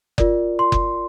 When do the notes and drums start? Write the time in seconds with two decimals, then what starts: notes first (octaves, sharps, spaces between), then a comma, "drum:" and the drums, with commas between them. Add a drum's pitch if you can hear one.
0.18 F4 A#4 D5, drum: kick F#1
0.59 C6
0.72 drum: kick F#1